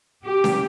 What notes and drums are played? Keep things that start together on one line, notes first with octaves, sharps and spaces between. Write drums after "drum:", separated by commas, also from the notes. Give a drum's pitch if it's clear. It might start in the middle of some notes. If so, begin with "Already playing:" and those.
G4
drum: snare C#4